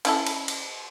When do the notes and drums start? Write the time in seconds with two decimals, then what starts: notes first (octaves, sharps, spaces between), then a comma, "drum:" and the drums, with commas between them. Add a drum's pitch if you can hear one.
0.05 C#4 E4 A4, drum: cymbal
0.27 drum: cymbal
0.48 drum: cymbal